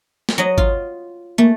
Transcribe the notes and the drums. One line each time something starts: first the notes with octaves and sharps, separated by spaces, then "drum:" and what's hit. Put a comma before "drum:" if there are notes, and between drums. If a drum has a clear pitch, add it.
drum: snare
F#3 D#5
F4, drum: kick G#1
A3 A#3